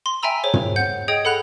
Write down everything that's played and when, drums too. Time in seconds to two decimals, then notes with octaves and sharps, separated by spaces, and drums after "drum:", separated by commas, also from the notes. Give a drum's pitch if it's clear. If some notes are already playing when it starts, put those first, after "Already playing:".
0.06 C6
0.23 E5 G5 G#5 A#5 B5 E6
0.44 G#4 C5 C#5
0.54 drum: tom
0.76 F#5 G6
1.08 G#4 D#5 G5 D#6 G#6
1.25 A4 F#5 B5 F#6 F7